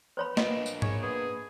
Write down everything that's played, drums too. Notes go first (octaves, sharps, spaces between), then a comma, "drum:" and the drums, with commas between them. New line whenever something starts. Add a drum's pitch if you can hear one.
B3 C5 C#5 B5
A#3 D4 D#5, drum: snare
drum: tambourine
G#4 C#5, drum: tom G#2
B3 G#4